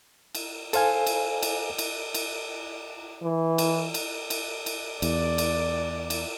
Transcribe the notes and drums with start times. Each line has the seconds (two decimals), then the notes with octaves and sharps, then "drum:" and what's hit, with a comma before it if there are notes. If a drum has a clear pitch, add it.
0.35 drum: cymbal
0.73 A4 C5 F5 G#5, drum: cymbal
1.07 drum: cymbal
1.43 drum: cymbal
1.78 drum: cymbal
2.14 drum: cymbal
3.23 E3
3.58 drum: cymbal
3.94 drum: cymbal
4.30 drum: cymbal
4.66 drum: cymbal
5.02 E2 D5, drum: cymbal
5.38 drum: cymbal
6.10 drum: cymbal